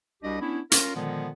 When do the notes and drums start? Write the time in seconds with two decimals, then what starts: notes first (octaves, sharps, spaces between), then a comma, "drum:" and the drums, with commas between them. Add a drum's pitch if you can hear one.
0.23 C2 G3 D4 F#4 G4 D#5
0.41 B3 C#4 D4 E4
0.72 C#4 F4 A#4, drum: hi-hat
0.96 A#2 D3 D#3 F3 G#3 B3